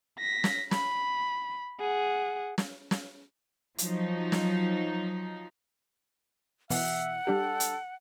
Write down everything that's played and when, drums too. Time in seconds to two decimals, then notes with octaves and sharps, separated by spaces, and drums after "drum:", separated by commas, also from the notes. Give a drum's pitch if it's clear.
0.19 A#6 B6
0.44 drum: snare
0.71 B5, drum: snare
1.80 G#4 F#5
2.58 drum: snare
2.91 drum: snare
3.78 F3 F#3 D#4, drum: hi-hat
4.32 drum: snare
6.70 B2 E3 E5 F#5, drum: open hi-hat
7.27 G3 D4 G4 A4
7.60 drum: hi-hat